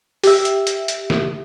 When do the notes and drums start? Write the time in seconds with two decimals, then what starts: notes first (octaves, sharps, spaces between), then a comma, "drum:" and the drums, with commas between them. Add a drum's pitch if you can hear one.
0.24 G4 E5, drum: open hi-hat
0.45 drum: hi-hat
0.67 drum: hi-hat
0.88 drum: hi-hat
1.10 drum: snare